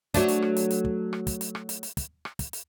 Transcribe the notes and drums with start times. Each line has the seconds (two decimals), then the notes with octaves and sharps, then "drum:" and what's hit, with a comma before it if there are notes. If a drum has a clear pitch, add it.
0.14 F#3 A3 D4, drum: kick, hi-hat
0.28 drum: hi-hat
0.42 drum: rim click
0.56 drum: hi-hat
0.71 drum: hi-hat
0.85 drum: kick
1.13 drum: rim click
1.27 drum: kick, hi-hat
1.41 drum: hi-hat
1.55 drum: rim click
1.69 drum: hi-hat
1.83 drum: hi-hat
1.97 drum: kick, hi-hat
2.25 drum: rim click
2.39 drum: kick, hi-hat
2.53 drum: hi-hat